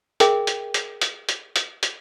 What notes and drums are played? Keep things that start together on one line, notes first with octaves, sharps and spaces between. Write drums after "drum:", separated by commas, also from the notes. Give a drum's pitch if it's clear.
G#4 A#4 E5 G5, drum: hi-hat
drum: hi-hat
drum: hi-hat
drum: hi-hat
drum: hi-hat
drum: hi-hat
drum: hi-hat